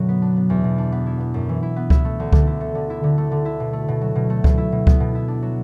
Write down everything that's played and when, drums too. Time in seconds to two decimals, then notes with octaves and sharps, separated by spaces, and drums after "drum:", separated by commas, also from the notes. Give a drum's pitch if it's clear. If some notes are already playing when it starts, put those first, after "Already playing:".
Already playing: F#2 B2 D3 F#3 A3
0.09 B3
0.22 D4
0.37 B3
0.50 E2
0.64 B2
0.78 D4
0.92 B3
1.06 E4
1.20 B3
1.34 F#2
1.49 E3
1.63 E4
1.76 B3
1.90 E4, drum: kick C#2
2.05 A3
2.20 D2
2.32 D3, drum: kick C#2
2.47 E4
2.61 A3
2.75 D3
2.90 E4
3.04 D3
3.18 A3
3.31 D3
3.45 E4
3.60 B2
3.73 A3
3.88 B2
4.01 F#3
4.15 B2
4.30 A3
4.44 B2, drum: kick C#2
4.58 E4
4.72 B2
4.87 B3, drum: kick C#2
5.00 B2
5.15 E4
5.28 D4
5.42 F#3